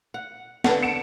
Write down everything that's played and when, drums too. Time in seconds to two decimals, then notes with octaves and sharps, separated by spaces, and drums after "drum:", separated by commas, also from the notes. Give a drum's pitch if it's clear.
0.14 F#5
0.64 D3 D4 B4 F#5, drum: snare
0.83 C#7 D7 E7